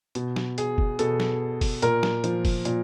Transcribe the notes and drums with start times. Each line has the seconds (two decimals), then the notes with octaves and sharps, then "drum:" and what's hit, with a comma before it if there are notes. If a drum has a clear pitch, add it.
0.15 B2, drum: hi-hat
0.36 drum: snare F#3
0.58 G#4, drum: hi-hat
0.78 drum: kick
0.99 B2 A4, drum: hi-hat
1.20 drum: snare F#3
1.61 drum: kick, open hi-hat
1.82 A#2 A#4, drum: hi-hat
2.03 drum: snare F#3
2.24 F3, drum: hi-hat
2.45 drum: kick, open hi-hat
2.65 A#2, drum: hi-hat